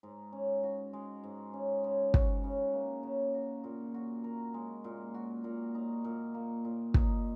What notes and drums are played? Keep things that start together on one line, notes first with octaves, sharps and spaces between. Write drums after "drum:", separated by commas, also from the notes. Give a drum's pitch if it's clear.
G#2
C#4
F#4
G#3
G#2
C#4
C#3
F#4, drum: kick
C#3
A#3
C#3
F#4
A#2
F#4
A#4
G#3
A#2
F#4
A#2
D#4
A#2
A#3
A#2
D#4, drum: kick